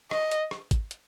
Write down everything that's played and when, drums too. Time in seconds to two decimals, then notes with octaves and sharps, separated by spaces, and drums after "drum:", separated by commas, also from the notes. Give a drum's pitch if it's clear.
0.11 D#5, drum: rim click
0.31 drum: hi-hat
0.51 drum: rim click
0.71 drum: kick, hi-hat
0.91 drum: hi-hat